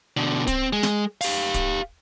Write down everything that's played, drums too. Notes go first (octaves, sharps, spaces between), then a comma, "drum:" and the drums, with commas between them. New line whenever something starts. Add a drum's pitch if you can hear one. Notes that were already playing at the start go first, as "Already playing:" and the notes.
B2 D3
C4, drum: kick D1, hi-hat
G#3
drum: snare
G4 F5, drum: open hi-hat
drum: kick D1, hi-hat